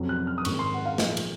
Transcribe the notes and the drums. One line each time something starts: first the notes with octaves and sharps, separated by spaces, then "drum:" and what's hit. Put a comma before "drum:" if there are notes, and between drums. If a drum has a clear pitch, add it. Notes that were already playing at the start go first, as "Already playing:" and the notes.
Already playing: F2 C3 F#3
F#6
F6
D#6
G#2 D#3 G#3 C4 C#6, drum: cymbal
C6
F#5
F5
A#2 F3 G#3 D#5, drum: snare
drum: cymbal